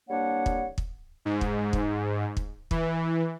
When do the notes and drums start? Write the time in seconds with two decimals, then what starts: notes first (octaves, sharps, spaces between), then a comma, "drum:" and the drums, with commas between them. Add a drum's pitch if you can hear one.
0.09 C2 G3 A#3 D4 C#5 F#5
0.46 drum: kick
0.78 drum: kick
1.25 G#2
1.41 drum: kick
1.73 drum: kick
2.37 drum: kick
2.71 E3, drum: kick